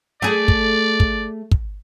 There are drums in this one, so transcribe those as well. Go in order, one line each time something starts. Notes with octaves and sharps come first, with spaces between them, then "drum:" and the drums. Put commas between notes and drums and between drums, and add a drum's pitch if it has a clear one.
A3 G#4 D5
drum: kick
drum: kick
drum: kick